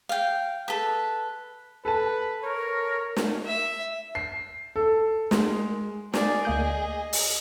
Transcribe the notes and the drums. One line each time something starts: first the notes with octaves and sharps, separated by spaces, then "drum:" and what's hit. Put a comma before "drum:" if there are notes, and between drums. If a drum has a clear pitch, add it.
F5 G5
A4 B4
A4 B4 A5
A#4 C#5
drum: snare
E5
C7
A4
G#3, drum: snare
G#4 D5, drum: snare
D2 A#3 D#5 G6
drum: open hi-hat